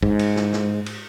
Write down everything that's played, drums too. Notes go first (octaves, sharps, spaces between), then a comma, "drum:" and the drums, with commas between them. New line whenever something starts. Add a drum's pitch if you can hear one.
G#2, drum: kick
drum: cymbal
drum: snare
drum: snare
drum: cymbal